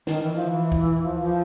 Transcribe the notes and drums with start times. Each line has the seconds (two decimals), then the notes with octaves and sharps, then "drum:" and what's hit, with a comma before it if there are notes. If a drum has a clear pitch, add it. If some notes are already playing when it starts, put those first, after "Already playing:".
0.07 D#3, drum: snare
0.23 E3
0.36 F3
0.48 E3
0.72 drum: kick
1.04 F3
1.21 F3